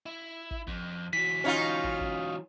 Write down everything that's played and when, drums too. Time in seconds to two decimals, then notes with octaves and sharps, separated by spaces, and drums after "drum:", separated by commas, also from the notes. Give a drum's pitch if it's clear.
0.06 E4
0.51 drum: kick
0.67 F2, drum: kick
1.13 E3 F#3 B6
1.44 C#4 D#4 F4
1.84 drum: kick
2.00 drum: kick